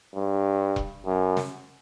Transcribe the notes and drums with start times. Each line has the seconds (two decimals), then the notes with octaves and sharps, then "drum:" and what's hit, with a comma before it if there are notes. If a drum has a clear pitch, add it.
0.15 G2
0.76 drum: kick E1
1.06 F#2
1.37 drum: snare